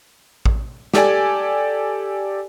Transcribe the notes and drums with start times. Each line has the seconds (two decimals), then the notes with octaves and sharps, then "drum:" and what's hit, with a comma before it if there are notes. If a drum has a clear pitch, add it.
0.46 drum: kick A1
0.94 G4 A4 D5 G#5, drum: snare